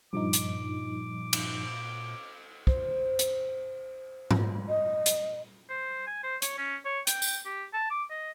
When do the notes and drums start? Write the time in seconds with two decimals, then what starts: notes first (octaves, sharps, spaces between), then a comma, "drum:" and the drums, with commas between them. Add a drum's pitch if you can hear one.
0.13 G2 A#2 F3 D#4 D6
0.33 drum: hi-hat
1.33 drum: cymbal
2.67 C5, drum: kick
3.19 drum: hi-hat
4.31 drum: tom G#2
4.69 D#5
5.06 drum: hi-hat
5.70 C5
6.07 G#5
6.24 C5
6.42 C#5, drum: hi-hat
6.58 C#4
6.85 C#5
7.07 G5, drum: hi-hat
7.22 drum: tambourine
7.46 G4
7.73 A5
7.90 D6
8.10 D#5